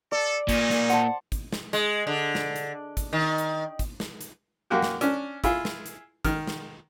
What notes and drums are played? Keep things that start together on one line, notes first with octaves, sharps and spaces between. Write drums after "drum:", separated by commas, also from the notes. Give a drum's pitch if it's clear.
A4 D5
A#2 C#4 D#4, drum: kick, hi-hat
drum: snare
C5 F#5 A5, drum: hi-hat
drum: kick, hi-hat
drum: snare
G#3, drum: hi-hat
D3
drum: snare
drum: hi-hat
drum: kick, hi-hat
D#3
drum: hi-hat
drum: kick, hi-hat
drum: snare
drum: hi-hat
F#2 A#3 F#4 G4
drum: snare
C#4 D4, drum: hi-hat
E4 F4 G#4, drum: kick, hi-hat
drum: snare
drum: hi-hat
D#3 F6, drum: kick, hi-hat
drum: snare